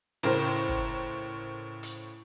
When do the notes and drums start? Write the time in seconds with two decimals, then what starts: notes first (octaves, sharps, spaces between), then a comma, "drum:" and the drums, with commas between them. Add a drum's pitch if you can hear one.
0.23 A2 C#3 A#4 C5, drum: snare C#4
0.69 drum: kick
1.83 drum: hi-hat